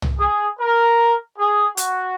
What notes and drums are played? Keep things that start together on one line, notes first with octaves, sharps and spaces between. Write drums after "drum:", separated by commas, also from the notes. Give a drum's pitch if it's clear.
drum: tom
G#4
A#4
G#4
F#4, drum: hi-hat